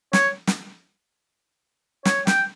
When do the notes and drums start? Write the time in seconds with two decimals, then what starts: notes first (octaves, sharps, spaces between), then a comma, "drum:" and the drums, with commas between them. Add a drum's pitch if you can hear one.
0.13 C#5, drum: snare
0.47 drum: snare
2.05 C#5, drum: snare
2.27 G5, drum: snare